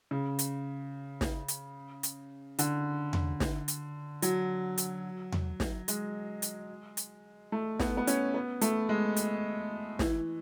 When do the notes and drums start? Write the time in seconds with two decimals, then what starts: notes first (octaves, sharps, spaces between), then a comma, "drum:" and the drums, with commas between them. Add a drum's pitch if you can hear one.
0.11 C#3
0.39 drum: hi-hat
1.21 drum: snare
1.48 drum: hi-hat
2.03 drum: hi-hat
2.59 D3, drum: hi-hat
3.13 drum: tom E2
3.40 drum: snare
3.68 drum: hi-hat
4.22 F#3, drum: hi-hat
4.78 drum: hi-hat
5.32 drum: tom E2
5.60 drum: snare
5.88 G#3, drum: hi-hat
6.42 drum: hi-hat
6.97 drum: hi-hat
7.52 A3
7.80 B3, drum: snare
7.97 B3
8.07 C#4, drum: hi-hat
8.34 B3
8.61 A3, drum: hi-hat
8.89 G#3
9.16 drum: hi-hat
9.99 E3, drum: snare